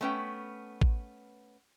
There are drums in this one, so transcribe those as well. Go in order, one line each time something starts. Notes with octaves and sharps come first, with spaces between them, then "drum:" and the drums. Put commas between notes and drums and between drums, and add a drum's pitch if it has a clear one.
A3 B3 C#4 B4 G5
drum: kick A1